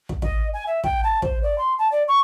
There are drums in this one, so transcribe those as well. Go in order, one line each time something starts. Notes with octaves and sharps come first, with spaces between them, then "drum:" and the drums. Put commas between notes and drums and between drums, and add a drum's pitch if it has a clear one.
drum: kick
D#5, drum: kick
G#5
E5
G5, drum: kick
A5
C5, drum: kick
D5
C6
A5
D5
C#6